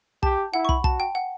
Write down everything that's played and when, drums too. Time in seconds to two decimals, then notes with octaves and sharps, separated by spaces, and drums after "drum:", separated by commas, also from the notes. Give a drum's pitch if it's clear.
0.23 G4 A5, drum: kick
0.54 E4 F#5
0.65 C#6
0.69 B5, drum: kick
0.84 F#4 A5, drum: kick
1.00 G5
1.15 F#5